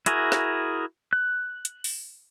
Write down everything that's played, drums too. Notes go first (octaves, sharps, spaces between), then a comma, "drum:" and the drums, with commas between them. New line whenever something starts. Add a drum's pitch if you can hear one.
E4 F#4 G#4 A#4, drum: hi-hat
drum: snare
F#6
drum: hi-hat
drum: open hi-hat